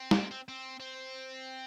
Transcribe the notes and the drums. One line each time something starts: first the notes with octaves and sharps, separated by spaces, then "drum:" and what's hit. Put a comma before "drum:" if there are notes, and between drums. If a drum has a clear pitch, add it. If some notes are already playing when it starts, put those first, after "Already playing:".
Already playing: C4
drum: snare
C4
C4
C4